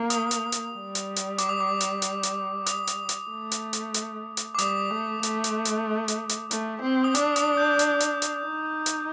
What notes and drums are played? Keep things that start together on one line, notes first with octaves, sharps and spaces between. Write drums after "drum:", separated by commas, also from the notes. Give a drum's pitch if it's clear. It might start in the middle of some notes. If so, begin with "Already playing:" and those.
Already playing: A#3
D#6, drum: hi-hat
drum: hi-hat
drum: hi-hat
G3
drum: hi-hat
drum: hi-hat
D6, drum: hi-hat
D#6
D6
drum: hi-hat
drum: hi-hat
drum: hi-hat
D#6, drum: hi-hat
drum: hi-hat
drum: hi-hat
A3
drum: hi-hat
drum: hi-hat
drum: hi-hat
drum: hi-hat
D6
G3 D#6, drum: hi-hat
A3
A3, drum: hi-hat
drum: hi-hat
drum: hi-hat
drum: hi-hat
drum: hi-hat
A3, drum: hi-hat
C4
D#6
D4 D6, drum: hi-hat
D#6, drum: hi-hat
G6
drum: hi-hat
drum: hi-hat
drum: hi-hat
D#4
drum: hi-hat